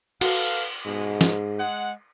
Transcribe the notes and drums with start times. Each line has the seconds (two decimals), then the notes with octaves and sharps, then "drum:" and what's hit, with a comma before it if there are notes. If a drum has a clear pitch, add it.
0.21 F#4 A4 B4 F5, drum: cymbal
0.86 G#2 B2 G#3
1.21 drum: snare
1.59 G#3 F#5